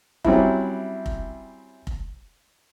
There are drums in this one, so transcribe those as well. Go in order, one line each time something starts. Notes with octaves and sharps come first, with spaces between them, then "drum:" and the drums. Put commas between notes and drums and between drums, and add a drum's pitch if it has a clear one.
F#3 G3 C4 C#4 E4, drum: kick F1
drum: kick F1
drum: kick F1